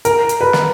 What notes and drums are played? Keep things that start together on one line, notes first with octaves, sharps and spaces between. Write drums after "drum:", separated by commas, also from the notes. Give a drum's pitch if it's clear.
A#4, drum: hi-hat
drum: hi-hat
B4
drum: snare